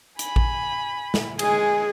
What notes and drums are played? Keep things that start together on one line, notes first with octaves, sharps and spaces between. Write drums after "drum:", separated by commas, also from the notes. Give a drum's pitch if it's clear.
G#5 B5, drum: hi-hat
drum: kick A1
drum: snare
G#3 G#4 G#5, drum: cymbal